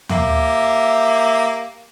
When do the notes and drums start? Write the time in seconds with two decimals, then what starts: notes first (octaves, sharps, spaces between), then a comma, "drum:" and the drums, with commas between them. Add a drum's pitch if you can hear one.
0.09 A#3 G4 E5, drum: tom D#2